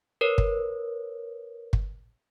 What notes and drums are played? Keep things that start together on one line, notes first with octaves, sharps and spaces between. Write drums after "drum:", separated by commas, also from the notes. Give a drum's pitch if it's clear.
A#4 B4 C#5
drum: kick
drum: kick